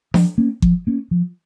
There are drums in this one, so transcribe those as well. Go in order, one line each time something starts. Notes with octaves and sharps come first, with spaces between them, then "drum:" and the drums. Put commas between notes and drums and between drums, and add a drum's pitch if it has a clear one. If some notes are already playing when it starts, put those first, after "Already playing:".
F3, drum: snare D4
A#3 C#4
F3, drum: kick G1
A#3 C#4
F3